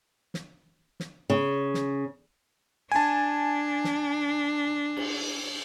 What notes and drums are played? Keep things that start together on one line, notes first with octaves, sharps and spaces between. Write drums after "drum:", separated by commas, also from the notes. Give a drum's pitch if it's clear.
drum: snare
drum: snare
C#3
drum: snare
D4 G#5 A5
drum: snare
drum: cymbal